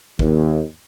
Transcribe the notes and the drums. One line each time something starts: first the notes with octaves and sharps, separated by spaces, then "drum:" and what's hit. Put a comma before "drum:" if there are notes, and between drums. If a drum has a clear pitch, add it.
D#2, drum: kick